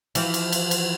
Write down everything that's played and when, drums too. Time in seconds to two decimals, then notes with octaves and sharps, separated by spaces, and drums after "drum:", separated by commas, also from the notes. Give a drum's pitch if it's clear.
0.15 E3 F3, drum: cymbal
0.34 drum: cymbal
0.52 drum: cymbal
0.71 drum: cymbal